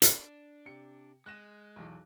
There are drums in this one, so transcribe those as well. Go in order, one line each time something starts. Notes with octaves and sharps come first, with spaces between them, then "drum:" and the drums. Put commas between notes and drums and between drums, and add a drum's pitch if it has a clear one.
D4, drum: hi-hat
C3 C#7
G#3 F#6 A#6 E7
B1 E2